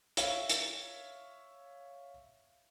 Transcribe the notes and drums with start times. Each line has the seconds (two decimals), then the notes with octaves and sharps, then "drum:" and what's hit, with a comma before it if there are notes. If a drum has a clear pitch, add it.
0.17 C#5 E5 F5, drum: hi-hat
0.49 drum: hi-hat